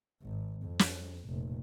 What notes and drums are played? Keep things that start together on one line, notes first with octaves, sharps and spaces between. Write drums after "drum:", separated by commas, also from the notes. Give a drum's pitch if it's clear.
G#1
F2
drum: snare
F1 A#2